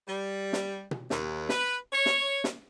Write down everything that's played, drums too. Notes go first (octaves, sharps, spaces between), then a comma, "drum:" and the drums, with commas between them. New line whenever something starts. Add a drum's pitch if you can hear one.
G3
drum: snare
drum: tom B2
D#2, drum: snare
B4, drum: snare
C#5
drum: snare
drum: snare